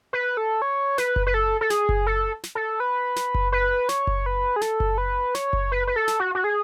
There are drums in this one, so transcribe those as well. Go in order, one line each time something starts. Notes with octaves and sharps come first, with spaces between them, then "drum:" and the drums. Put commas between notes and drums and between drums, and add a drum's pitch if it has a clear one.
B4
A4
C#5
B4, drum: snare
drum: kick F#1
B4
A4
A4
G#4, drum: snare
drum: kick F#1
A4
drum: snare
A4
B4
drum: snare
drum: kick F#1
B4
C#5, drum: snare
drum: kick F#1
B4
G#4
A4, drum: snare
drum: kick F#1
B4
C#5, drum: snare
drum: kick F#1
B4
B4
A4
drum: snare
F#4
F#4
G#4